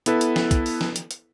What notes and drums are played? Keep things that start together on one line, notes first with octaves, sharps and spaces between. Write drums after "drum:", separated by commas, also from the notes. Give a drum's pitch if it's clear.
B3 E4 A4 B4, drum: hi-hat
drum: hi-hat
drum: snare
drum: kick, hi-hat
drum: open hi-hat
drum: snare
drum: hi-hat
drum: hi-hat